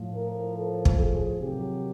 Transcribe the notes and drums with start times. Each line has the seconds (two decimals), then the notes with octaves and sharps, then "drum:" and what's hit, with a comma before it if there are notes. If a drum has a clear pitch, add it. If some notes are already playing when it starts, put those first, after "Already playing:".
Already playing: A2 F3
0.15 A#4
0.57 A4
0.85 drum: kick
0.99 G#4
1.41 C3 D#3 F#3 G4